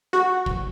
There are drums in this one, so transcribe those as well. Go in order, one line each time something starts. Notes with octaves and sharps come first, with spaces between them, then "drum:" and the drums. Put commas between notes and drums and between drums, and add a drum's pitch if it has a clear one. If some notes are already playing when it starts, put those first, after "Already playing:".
F#4
drum: kick